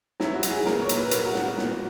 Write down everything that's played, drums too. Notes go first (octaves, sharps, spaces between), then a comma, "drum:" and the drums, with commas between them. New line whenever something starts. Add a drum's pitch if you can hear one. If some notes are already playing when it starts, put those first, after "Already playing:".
F#3 E4, drum: snare
F#4
F#3, drum: hi-hat
G#4
A#2 A#4, drum: snare
C#5
A#2, drum: hi-hat
B4
F#3 A#4, drum: hi-hat
F#4
F#3, drum: snare
F#4
A#2, drum: snare